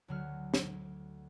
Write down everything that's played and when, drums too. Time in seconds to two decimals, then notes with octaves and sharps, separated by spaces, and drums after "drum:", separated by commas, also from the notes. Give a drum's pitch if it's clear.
0.08 D2 D3 F#3 F#4 F6
0.54 drum: snare